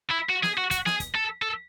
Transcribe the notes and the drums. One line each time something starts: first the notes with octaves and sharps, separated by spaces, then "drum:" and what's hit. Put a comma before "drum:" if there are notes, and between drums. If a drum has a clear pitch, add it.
E4
F#4
G#4, drum: snare
F#4
F#4, drum: kick, hi-hat
G#4, drum: snare
drum: kick, hi-hat
A4
A4